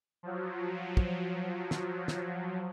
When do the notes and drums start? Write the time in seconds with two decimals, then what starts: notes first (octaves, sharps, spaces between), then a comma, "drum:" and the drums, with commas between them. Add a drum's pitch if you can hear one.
0.23 F3 F#3
0.97 drum: kick
1.71 drum: snare
2.08 drum: snare